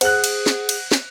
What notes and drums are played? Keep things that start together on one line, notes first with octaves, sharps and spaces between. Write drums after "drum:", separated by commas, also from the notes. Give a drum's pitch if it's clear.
G#4 C5 F#5 F#6, drum: cymbal
drum: cymbal
drum: snare
drum: cymbal
drum: snare